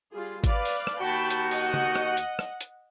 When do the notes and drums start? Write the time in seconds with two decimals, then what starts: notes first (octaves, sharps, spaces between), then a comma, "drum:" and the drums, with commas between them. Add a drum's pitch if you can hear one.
0.12 G3 F4 G#4
0.44 B4 D5 F5, drum: kick G#1, hi-hat
0.65 drum: open hi-hat
0.87 drum: rim click
1.01 D#2 F#4 G5 A5 B5
1.30 drum: hi-hat
1.51 D#5 F#5, drum: open hi-hat
1.74 drum: tom
1.95 drum: rim click
2.17 drum: hi-hat
2.39 drum: rim click
2.61 drum: hi-hat